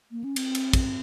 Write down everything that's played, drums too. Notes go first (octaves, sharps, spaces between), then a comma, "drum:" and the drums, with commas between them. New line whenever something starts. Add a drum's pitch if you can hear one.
A#3
C#4
C4, drum: cymbal
drum: cymbal
drum: kick, cymbal